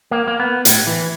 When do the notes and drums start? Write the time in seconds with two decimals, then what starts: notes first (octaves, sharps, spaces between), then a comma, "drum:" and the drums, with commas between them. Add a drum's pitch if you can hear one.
0.11 A#3
0.28 A#3
0.40 B3
0.65 A2, drum: hi-hat
0.87 E3